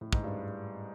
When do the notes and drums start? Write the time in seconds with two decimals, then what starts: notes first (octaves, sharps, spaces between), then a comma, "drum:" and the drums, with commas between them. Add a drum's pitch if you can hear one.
0.01 A2
0.13 G#2, drum: kick
0.24 G2